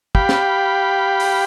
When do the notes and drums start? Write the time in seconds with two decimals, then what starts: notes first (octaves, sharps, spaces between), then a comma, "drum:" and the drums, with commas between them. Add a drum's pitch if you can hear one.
0.15 G4 F5 G5 B5, drum: kick
0.29 drum: snare
1.20 drum: open hi-hat